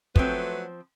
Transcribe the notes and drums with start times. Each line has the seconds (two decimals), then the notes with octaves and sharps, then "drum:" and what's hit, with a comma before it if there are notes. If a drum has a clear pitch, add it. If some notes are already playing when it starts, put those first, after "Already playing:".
0.16 F3 F#3 A3 C4 B4, drum: kick